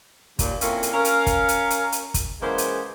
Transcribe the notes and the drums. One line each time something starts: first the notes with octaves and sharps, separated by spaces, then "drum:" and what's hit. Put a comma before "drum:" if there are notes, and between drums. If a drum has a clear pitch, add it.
D#2 A#2, drum: kick, hi-hat
F2 A#2 A#3 C#4 E4 F5, drum: hi-hat
drum: hi-hat
C#4 A#4 F5
drum: hi-hat
drum: kick, hi-hat
drum: hi-hat
drum: hi-hat
drum: hi-hat
drum: kick, hi-hat
C#3 E3 G#3 A#3 B3 C5
drum: hi-hat